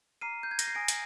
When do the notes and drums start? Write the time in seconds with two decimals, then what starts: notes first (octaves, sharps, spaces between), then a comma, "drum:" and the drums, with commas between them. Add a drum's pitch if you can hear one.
0.21 A#5 D6 F6 C7 D#7
0.43 G6
0.51 G#6
0.59 A#6, drum: hi-hat
0.67 C7
0.75 G#5 D#6 G6 A#6 D7
0.88 drum: hi-hat